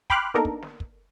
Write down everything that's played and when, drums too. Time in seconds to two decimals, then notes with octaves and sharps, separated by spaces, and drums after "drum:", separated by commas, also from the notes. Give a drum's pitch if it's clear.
0.10 G5 B5 C6 D6 F6 F#6, drum: kick
0.34 A#3 B3 D4 D#4 A4 A#4
0.45 drum: kick
0.62 drum: snare
0.80 drum: kick